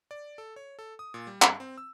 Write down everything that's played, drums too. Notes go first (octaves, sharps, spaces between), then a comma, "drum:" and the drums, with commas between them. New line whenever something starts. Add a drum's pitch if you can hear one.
D5
A4
C#5
A4
D#6
A#2
G3
G2, drum: clap
C4
E6